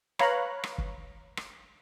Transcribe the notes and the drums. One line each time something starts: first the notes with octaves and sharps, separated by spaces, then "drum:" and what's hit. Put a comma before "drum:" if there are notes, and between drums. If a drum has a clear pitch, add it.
B4 C#5 F5 A#5 B5 F#6, drum: rim click
drum: rim click
drum: kick
drum: rim click